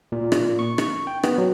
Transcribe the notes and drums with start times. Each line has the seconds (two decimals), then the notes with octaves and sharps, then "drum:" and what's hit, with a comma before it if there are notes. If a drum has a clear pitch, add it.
0.12 A#2
0.32 drum: rim click
0.59 C#6
0.78 C#6, drum: rim click
1.07 G5
1.23 B3, drum: rim click
1.38 F#3